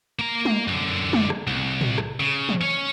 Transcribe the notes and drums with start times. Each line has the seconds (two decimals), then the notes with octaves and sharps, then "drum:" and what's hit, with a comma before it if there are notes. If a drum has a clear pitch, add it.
0.19 A#3 A#5
0.45 drum: tom G3
0.68 F#2 D3
1.13 drum: tom G3
1.30 drum: rim click
1.47 C2
1.81 drum: tom A2
1.98 drum: rim click
2.20 C#3
2.49 drum: tom E3
2.61 C#4 C#5